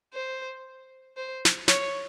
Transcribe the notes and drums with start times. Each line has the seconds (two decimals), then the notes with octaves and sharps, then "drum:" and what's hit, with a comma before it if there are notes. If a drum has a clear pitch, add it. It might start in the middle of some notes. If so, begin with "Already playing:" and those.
0.14 C5
1.17 C5
1.45 drum: snare
1.68 C#5, drum: snare